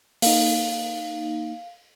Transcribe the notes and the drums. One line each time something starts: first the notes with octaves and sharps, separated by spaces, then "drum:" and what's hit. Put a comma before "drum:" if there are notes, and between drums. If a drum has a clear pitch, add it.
A#3 D#4 F5, drum: open hi-hat